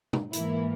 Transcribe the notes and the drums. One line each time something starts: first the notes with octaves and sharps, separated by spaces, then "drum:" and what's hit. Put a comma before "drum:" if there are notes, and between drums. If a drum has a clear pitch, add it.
drum: tom B2
G#2 E3 A#3 E4, drum: hi-hat